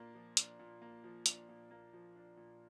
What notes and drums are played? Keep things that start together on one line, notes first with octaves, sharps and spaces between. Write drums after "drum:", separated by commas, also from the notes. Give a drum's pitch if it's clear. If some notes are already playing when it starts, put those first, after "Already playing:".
Already playing: A#2 A#3 D4
F3
D4, drum: hi-hat
A#2
A#3
F3
D4, drum: hi-hat
A#2
A#3
F3
D4
A#2